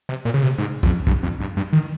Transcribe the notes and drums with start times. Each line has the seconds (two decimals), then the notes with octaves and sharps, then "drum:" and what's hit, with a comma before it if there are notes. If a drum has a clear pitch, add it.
0.09 C3
0.25 A#2
0.34 C#3
0.43 C3
0.58 G#2
0.83 F2, drum: kick
1.07 G2, drum: kick
1.23 F2
1.40 G2
1.57 G2
1.73 D#3